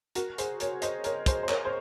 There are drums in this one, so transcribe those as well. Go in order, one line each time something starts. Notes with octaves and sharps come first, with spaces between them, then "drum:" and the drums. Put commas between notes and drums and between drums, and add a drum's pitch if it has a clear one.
F#4 A#4, drum: hi-hat
G#4 C5, drum: hi-hat
A#4 C#5, drum: hi-hat
C5 D#5, drum: hi-hat
A#4 C#5, drum: hi-hat
G#4 C5, drum: kick, hi-hat
C5
A#4 C#5, drum: clap
C5